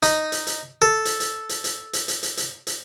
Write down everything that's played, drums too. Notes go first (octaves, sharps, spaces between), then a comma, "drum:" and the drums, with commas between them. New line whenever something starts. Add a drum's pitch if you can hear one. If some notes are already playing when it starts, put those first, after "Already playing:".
D#4, drum: hi-hat
drum: hi-hat
drum: hi-hat
A4
drum: hi-hat
drum: hi-hat
drum: hi-hat
drum: hi-hat
drum: hi-hat
drum: hi-hat
drum: hi-hat
drum: hi-hat
drum: hi-hat